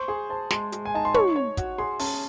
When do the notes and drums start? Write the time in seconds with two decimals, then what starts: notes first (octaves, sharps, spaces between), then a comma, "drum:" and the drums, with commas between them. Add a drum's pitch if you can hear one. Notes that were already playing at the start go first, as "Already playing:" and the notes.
Already playing: C5 C#6
0.08 G#4 C6
0.29 C5 A5
0.51 G#3 C6, drum: snare
0.72 G#3, drum: hi-hat
0.85 G#5
0.94 D#4 A5
1.05 C6
1.14 C#5 C#6, drum: tom
1.36 C#5
1.57 F#4, drum: kick, hi-hat
1.78 G#4 C6
1.99 C#4 A5, drum: open hi-hat